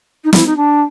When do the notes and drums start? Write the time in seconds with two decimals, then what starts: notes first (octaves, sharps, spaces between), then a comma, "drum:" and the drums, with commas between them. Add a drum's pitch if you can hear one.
0.24 D#4
0.33 E4, drum: snare
0.46 D#4
0.56 D4